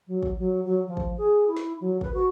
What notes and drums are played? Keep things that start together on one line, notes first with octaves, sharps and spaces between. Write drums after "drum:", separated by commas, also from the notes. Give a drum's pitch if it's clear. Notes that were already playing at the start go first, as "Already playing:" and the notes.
F#3
drum: kick
F#3
F#3
F3
drum: kick
G#4
E4
drum: snare
F#3
B4, drum: kick
F#4